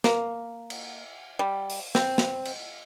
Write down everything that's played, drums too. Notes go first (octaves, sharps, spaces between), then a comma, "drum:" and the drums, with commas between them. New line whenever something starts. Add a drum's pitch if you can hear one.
A#3, drum: snare
drum: cymbal
G3
drum: open hi-hat
C4, drum: snare
drum: snare
drum: cymbal